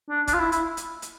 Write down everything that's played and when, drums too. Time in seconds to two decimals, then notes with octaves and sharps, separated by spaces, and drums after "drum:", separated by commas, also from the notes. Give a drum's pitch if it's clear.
0.10 D4
0.27 D4, drum: kick, hi-hat
0.33 F4
0.39 E4
0.52 E4, drum: hi-hat
0.77 drum: hi-hat
1.02 drum: hi-hat